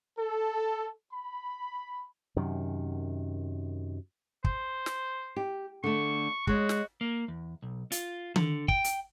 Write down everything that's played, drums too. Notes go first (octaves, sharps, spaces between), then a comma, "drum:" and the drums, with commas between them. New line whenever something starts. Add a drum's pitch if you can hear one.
A4
B5
F#2 C3 D#3
C5, drum: kick
drum: snare
G4
D3 A3 C#6
G#3 F#4 C#5, drum: kick
drum: snare
A#3
E2
B1
F4, drum: hi-hat
D3, drum: tom D#3
G5, drum: kick
drum: hi-hat